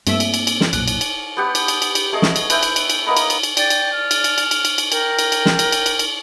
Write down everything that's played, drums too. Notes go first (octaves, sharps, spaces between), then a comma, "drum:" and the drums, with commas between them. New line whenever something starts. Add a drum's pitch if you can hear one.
G2 A3 A#3 C4 E5, drum: cymbal
drum: cymbal
drum: cymbal
drum: cymbal
drum: snare
B1 F#2 A#2 F#6, drum: cymbal
drum: cymbal
drum: cymbal
B3 G4 F#5
drum: cymbal
drum: cymbal
drum: cymbal
drum: cymbal
A3 G#4 D#5 C#6
drum: snare
drum: cymbal
B4 E5 G5, drum: cymbal
drum: cymbal
drum: cymbal
drum: cymbal
A#3 B3 D#5 B5
drum: cymbal
drum: cymbal
drum: cymbal
D5 G5, drum: cymbal
drum: cymbal
F6
drum: cymbal
drum: cymbal
drum: cymbal
drum: cymbal
drum: cymbal
drum: cymbal
A#4 G5, drum: cymbal
drum: cymbal
drum: cymbal
drum: snare
drum: cymbal
drum: cymbal
drum: cymbal
drum: cymbal